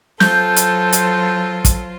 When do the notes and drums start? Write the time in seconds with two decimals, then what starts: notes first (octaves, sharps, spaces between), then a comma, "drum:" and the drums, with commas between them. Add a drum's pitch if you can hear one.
0.20 F#3 F4 A4 C5 G6, drum: snare
0.56 drum: hi-hat
0.92 drum: hi-hat
1.65 drum: kick, hi-hat